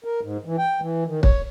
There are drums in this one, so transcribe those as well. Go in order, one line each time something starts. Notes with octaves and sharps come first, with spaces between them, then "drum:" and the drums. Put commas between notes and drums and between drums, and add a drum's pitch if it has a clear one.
A#4
G#2
E3
G5
E3
D#3
C#5, drum: kick